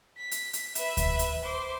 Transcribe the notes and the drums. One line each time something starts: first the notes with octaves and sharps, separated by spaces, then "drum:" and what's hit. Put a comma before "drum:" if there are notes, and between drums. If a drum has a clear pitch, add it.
B6
drum: hi-hat
drum: hi-hat
B4 E5, drum: hi-hat
drum: kick D2, hi-hat
drum: hi-hat
C5 D6